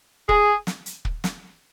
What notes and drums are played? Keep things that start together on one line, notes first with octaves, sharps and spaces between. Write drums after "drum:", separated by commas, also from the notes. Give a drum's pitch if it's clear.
G#4, drum: kick
drum: snare
drum: hi-hat
drum: kick
drum: snare